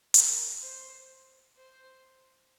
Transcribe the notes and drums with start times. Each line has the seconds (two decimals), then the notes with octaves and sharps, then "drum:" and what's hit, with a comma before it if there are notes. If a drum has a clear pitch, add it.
0.14 A#4, drum: hi-hat
0.61 C5
1.57 C5